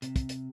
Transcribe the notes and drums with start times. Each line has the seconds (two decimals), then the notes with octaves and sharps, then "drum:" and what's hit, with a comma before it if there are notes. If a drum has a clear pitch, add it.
0.02 C3, drum: hi-hat
0.16 drum: kick, hi-hat
0.29 drum: hi-hat